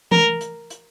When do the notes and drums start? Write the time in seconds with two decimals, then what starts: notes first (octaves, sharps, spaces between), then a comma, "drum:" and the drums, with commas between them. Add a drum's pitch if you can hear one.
0.11 A#4, drum: tom E3
0.41 drum: hi-hat
0.70 drum: hi-hat